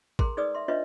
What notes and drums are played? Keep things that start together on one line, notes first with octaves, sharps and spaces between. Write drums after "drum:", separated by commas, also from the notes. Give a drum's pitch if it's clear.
G#4 A#4 A#5 C6, drum: kick A1
D#4 G#4 B4 D5 D#6 E6
E5 C6
D4 F4 B4 C#5 D#5 E5